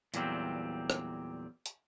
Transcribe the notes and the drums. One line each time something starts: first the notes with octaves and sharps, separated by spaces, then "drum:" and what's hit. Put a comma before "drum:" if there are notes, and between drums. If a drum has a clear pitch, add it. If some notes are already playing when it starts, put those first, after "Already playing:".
E2 A#2 F#3 G3 C4, drum: hi-hat
drum: rim click
drum: hi-hat